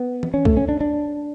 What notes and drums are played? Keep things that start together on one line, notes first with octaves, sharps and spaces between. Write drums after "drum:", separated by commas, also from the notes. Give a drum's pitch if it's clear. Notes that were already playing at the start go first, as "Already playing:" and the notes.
Already playing: B3
drum: tom E3
C#4
A3, drum: kick C2
C#4
D4
D4